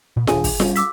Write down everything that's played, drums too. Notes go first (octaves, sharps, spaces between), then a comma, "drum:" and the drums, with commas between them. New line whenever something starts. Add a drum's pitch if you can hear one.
A#2
D#1 D4 G#4 G#5, drum: snare F4
drum: kick, open hi-hat
G3 C#4, drum: snare F4
D6 E6 B6, drum: hi-hat